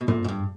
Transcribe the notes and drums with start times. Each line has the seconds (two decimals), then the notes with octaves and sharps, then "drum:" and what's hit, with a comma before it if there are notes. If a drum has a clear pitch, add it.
0.01 B2
0.08 A#2, drum: tom
0.24 G#2
0.28 G2